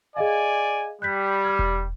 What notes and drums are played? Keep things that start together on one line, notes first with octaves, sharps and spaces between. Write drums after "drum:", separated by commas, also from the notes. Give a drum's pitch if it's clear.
G#4 D5 D#5 F5 G#5
G3 F#6 G6 B6
D6 F6 G#6
drum: kick E1